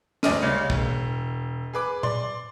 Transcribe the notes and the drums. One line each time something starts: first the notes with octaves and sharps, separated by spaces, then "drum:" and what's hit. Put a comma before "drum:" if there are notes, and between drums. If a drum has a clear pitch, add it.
G1 D2 D5 D#5 F6 D#7, drum: snare
C#3 G3 G#3 A#3 C#4
E1, drum: kick
G#4 B4 D6
D5 C6, drum: tom A#2